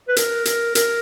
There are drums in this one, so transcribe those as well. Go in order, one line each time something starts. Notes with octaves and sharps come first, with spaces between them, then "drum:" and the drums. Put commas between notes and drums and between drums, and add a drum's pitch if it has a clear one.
B4
A#4, drum: hi-hat
A#4, drum: hi-hat
A#4, drum: hi-hat